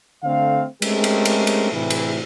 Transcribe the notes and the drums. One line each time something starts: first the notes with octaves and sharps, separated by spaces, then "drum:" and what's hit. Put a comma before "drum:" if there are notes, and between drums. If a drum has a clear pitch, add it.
D3 A3 C4 F5
G#3 A3 C4 C#4 G4 A#4, drum: cymbal
drum: cymbal
drum: cymbal
drum: cymbal
A2 C3 E3
drum: cymbal